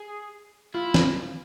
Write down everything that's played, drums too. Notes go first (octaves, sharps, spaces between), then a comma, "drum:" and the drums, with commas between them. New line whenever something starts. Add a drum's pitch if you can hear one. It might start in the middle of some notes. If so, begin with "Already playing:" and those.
Already playing: G#4
E4 F4
drum: snare